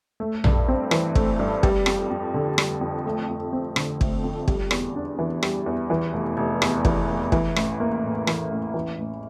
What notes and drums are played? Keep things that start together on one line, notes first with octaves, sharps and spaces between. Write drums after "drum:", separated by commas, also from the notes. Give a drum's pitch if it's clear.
A3
G2, drum: tom A#1
C4
E3, drum: rim click
A3, drum: kick
G2
G3, drum: kick
F2, drum: rim click
F2
D3
G3, drum: rim click
F2
A3
F2
C4
D3, drum: rim click
A3, drum: kick
F2
G3, drum: kick
E2, drum: rim click
D4
E3
G3, drum: rim click
E2
E3
F1
F1
E2, drum: rim click
E3, drum: kick
F1
E3, drum: kick
A1, drum: rim click
A#3
A2
E3, drum: rim click
A1
E3
A1